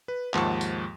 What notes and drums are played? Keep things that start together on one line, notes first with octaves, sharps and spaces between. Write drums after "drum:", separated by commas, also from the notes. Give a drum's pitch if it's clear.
B4
D#2 G#2 F3 F#5 A5 C#6, drum: clap
drum: tambourine